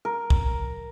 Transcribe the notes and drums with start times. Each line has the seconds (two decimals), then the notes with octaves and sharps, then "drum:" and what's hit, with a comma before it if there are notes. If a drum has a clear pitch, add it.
0.05 A#4
0.30 drum: kick